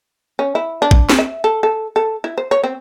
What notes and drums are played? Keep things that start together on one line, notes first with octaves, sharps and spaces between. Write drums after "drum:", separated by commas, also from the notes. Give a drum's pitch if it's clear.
C#4
E4
D4
drum: kick
drum: snare
E5
A4
A4
A4
E4
C5
C#5
C4